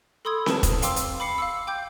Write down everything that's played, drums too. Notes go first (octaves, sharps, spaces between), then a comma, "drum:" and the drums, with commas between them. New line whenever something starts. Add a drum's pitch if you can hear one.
A4 B5 C6 D#6 E6 G#6
A#4 B4 A5, drum: snare C4
drum: kick F1, hi-hat
F5 G5 C6 D6 E6, drum: hi-hat
drum: hi-hat
B5 D6 C7 C#7
F5 D6 E6
G5 D6 G6